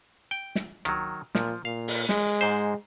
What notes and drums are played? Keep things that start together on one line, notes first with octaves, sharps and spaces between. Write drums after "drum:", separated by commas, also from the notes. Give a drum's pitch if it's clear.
G5
drum: snare
D#3 F#3, drum: rim click
A#2 F3, drum: snare
A#2 F5
drum: open hi-hat
G#3, drum: snare
G#2 C5